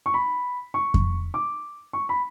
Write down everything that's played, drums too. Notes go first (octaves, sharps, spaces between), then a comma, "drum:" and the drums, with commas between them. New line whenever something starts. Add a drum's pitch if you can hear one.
C#6
B5
C#6
drum: kick F2
D6
C#6
B5